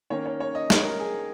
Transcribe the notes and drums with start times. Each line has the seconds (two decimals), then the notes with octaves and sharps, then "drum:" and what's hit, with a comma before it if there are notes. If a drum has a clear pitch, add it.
0.10 D#3 A#3 C#4 C#5
0.26 C#5
0.40 C#5
0.55 D#5
0.70 C#5, drum: snare
0.84 A#4
0.99 G#4